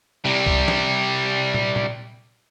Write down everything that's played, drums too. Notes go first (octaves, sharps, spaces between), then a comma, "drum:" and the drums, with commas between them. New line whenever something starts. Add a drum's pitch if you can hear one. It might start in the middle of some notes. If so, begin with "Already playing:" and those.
C3 G3
drum: kick C2
drum: snare
drum: tom
drum: tom